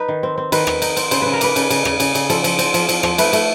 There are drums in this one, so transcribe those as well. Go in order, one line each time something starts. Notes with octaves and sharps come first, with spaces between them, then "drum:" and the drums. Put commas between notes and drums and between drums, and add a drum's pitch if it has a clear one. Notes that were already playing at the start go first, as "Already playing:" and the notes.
Already playing: D#4 B4
D#3
C4
C4
D#3 B4, drum: cymbal
D#3, drum: rim click
D#4, drum: cymbal
C4, drum: cymbal
C#3 C5, drum: cymbal
C#3 B4
A#4
A#3 B4, drum: cymbal
C#3, drum: cymbal
C#3, drum: cymbal
C#3, drum: rim click
C#3, drum: cymbal
C#3, drum: cymbal
F3 A4, drum: cymbal
F3, drum: cymbal
C4, drum: cymbal
F3, drum: cymbal
F3, drum: cymbal
F3, drum: rim click
A3 B4, drum: cymbal
A3, drum: cymbal